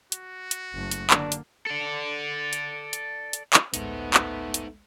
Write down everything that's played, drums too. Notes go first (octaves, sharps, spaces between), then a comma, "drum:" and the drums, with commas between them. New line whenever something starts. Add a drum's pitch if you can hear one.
F#4, drum: hi-hat
drum: hi-hat
F#1 A3
drum: hi-hat
D3 A#3 D4, drum: clap
drum: hi-hat
A4 D5
drum: hi-hat
drum: hi-hat
drum: hi-hat
drum: clap
A1 D2 G#3 A3 B3 D#4 C5, drum: hi-hat
drum: clap
drum: hi-hat